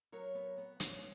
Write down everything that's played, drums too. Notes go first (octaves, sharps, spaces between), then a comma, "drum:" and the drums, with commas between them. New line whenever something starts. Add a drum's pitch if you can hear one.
F#3 A#4 C#5
B3
B3
A#2, drum: hi-hat